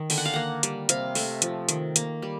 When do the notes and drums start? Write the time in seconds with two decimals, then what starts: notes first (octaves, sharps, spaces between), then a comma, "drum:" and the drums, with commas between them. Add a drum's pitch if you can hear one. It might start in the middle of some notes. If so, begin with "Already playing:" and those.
Already playing: D#3
0.10 D3 G5, drum: open hi-hat
0.18 F#5
0.25 F5
0.33 A#3 F#5
0.63 G3, drum: hi-hat
0.89 C3 F5, drum: hi-hat
1.15 A3, drum: open hi-hat
1.42 F3, drum: hi-hat
1.69 D#3, drum: hi-hat
1.96 A#3, drum: hi-hat
2.22 G3